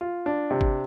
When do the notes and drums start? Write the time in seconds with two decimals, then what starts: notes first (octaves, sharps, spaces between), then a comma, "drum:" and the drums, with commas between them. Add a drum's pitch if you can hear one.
0.01 F4
0.26 D4
0.51 C3
0.61 drum: kick